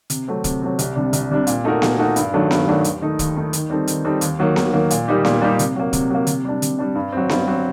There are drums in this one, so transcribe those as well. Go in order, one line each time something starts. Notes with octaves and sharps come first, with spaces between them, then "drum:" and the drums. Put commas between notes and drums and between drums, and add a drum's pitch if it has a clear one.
C3, drum: hi-hat
F#3 A3 C4
C3, drum: kick, hi-hat
F#3 A3 C4
C2, drum: hi-hat
C3 G3 D4
C2, drum: hi-hat
C3 G3 D4
A#2, drum: hi-hat
A3 D#4 F#4 A#4
A#2, drum: snare B3
A3 D#4 F#4 A#4
G2, drum: hi-hat
D#3 F#3 A3 D4
G2, drum: snare B3
D#3 F#3 A3 D4
D#2, drum: hi-hat
D#3 A3 D#4
D#2, drum: kick, hi-hat
D#3 A3 D#4
D#3, drum: hi-hat
G3 C4 D#4 A4
D#3, drum: hi-hat
G3 C4 D#4 A4
D#2, drum: hi-hat
D#3 F#3 A#3
D#2, drum: snare B3
D#3 F#3 A#3
A#2, drum: hi-hat
G3 A#3 D#4 G4
A#2, drum: snare B3
G3 A#3 D#4 G4
C3, drum: hi-hat
F#3 A#3
C3, drum: kick, hi-hat
F#3 A#3
C3, drum: hi-hat
G3 D4
C3, drum: hi-hat
G3 D4
G2
F#3 C4
G2, drum: snare B3
F#3 C4